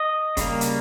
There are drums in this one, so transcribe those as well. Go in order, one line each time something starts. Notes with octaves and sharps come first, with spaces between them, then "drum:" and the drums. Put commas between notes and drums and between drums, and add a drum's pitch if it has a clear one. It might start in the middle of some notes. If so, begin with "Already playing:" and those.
Already playing: D#5
C#3 G3 A#3, drum: kick F1, hi-hat
drum: hi-hat